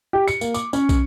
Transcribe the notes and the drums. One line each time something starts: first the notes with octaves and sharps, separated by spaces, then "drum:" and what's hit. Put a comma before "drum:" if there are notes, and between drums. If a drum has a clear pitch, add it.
G4
C#7, drum: tambourine
A#3, drum: tambourine
D6, drum: tambourine
C#4, drum: tambourine
drum: kick, tambourine